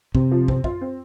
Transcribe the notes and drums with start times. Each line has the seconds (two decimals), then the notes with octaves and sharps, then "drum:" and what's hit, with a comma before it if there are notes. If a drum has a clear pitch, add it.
0.15 C3 C4, drum: kick
0.31 F3
0.48 C4, drum: kick
0.64 F4, drum: kick
0.81 C4